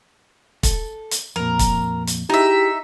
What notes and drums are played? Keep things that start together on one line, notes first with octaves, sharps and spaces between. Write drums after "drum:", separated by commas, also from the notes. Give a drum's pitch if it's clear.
A4, drum: kick, hi-hat
drum: hi-hat
F2 A#2 A#4
drum: kick, hi-hat
drum: hi-hat
D#4 E4 G4 G#4 E5